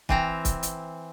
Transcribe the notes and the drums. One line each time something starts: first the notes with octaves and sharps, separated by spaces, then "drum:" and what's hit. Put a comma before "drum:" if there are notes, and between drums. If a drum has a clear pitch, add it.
E3 C4 A#5, drum: kick C#1
drum: kick C#1, hi-hat
drum: hi-hat